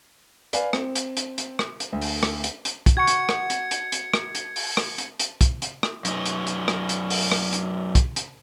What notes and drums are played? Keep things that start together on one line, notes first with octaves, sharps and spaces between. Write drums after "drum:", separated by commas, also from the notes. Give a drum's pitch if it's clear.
B4 D5 F5 G#5, drum: hi-hat
C4, drum: rim click
drum: hi-hat
drum: hi-hat
drum: hi-hat
drum: rim click
drum: hi-hat
D2
drum: open hi-hat
drum: rim click
drum: hi-hat
drum: hi-hat
drum: kick, hi-hat
F#4 G#6 C#7
drum: hi-hat
drum: rim click
drum: hi-hat
drum: hi-hat
drum: hi-hat
drum: rim click
drum: hi-hat
drum: open hi-hat
drum: rim click
drum: hi-hat
drum: hi-hat
drum: kick, hi-hat
drum: hi-hat
drum: rim click
F#2 D#4, drum: hi-hat
drum: hi-hat
drum: hi-hat
drum: rim click
drum: hi-hat
drum: open hi-hat
drum: rim click
drum: hi-hat
drum: kick, hi-hat
drum: hi-hat